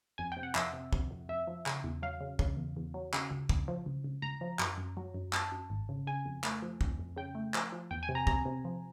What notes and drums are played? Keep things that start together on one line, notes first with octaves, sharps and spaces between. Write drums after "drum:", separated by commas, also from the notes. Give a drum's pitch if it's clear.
F2 G#5
C3 G5
F#5
F2 E5, drum: clap
C3
C3, drum: kick
F2
F2 E5
F3
C#3, drum: clap
E2
F#3 F5
C#3
C#3, drum: kick
E2
E2
F#3
C#3, drum: clap
C#2
C#2, drum: kick
F3
C#2
C#2
C#2 A#5
F3
F#2, drum: clap
F#2
F#3
F#2
F#2 A5, drum: clap
F#2
G#1
C#3
C#3 G#5
F2
A3, drum: clap
F3
F2, drum: kick
F2
C#3 G5
A3
F3, drum: clap
F3
E2 G5
G#5
C3
A#5
C3 A#5, drum: kick
C3
F3